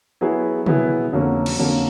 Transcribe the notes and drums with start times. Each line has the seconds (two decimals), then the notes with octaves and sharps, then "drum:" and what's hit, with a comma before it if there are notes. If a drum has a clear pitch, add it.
0.21 F#3 B3 E4 G#4
0.66 F#3 B3 E4 G#4, drum: tom
1.12 F2 D3 F#3 A#3 C#4
1.46 drum: cymbal
1.58 F2 D3 F#3 A#3 C#4